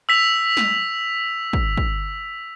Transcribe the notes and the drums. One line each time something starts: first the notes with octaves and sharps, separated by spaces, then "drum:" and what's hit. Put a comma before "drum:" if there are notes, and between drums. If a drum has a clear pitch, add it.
E6 B6 F7
drum: snare
drum: kick
drum: kick